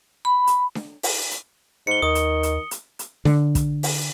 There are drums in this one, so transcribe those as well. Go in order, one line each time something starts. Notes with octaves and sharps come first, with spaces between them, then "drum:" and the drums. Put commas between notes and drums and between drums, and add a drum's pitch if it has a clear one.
B5
drum: hi-hat
drum: snare D4
drum: open hi-hat
drum: hi-hat
G#2 C#7 G7
D#2 D#3 D#6
drum: hi-hat
drum: hi-hat
drum: hi-hat
drum: hi-hat
D3, drum: snare D4
drum: kick, hi-hat
drum: open hi-hat